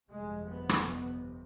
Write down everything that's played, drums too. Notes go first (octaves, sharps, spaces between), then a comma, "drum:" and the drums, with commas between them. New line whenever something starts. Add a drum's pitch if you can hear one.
G1 F2 C3 G#3
B3
drum: rim click